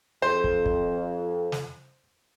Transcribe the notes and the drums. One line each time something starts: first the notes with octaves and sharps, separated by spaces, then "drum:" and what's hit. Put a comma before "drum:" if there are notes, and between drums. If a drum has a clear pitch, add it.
F2 C5
drum: kick
drum: kick
drum: snare